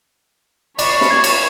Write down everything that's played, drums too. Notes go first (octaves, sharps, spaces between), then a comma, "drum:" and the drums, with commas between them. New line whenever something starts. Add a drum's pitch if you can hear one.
D4 C#5 B5 C#6 C7, drum: cymbal
drum: snare
G#6
drum: cymbal